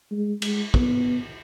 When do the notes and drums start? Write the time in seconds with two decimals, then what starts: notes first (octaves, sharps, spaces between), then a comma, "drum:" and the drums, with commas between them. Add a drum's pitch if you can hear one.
0.11 G#3
0.42 G#3, drum: cymbal
0.74 B3, drum: kick